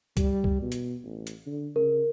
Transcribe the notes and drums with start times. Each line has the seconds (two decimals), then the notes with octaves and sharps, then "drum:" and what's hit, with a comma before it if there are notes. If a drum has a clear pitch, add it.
0.17 G3, drum: kick C2, hi-hat
0.44 drum: kick C2
0.62 B2
0.72 drum: hi-hat
1.04 A1
1.27 drum: hi-hat
1.46 D3
1.76 C#3 A#4